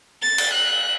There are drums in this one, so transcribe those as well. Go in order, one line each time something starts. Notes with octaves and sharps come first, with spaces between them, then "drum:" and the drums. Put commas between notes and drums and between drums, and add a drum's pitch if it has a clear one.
A6
drum: cymbal
F#6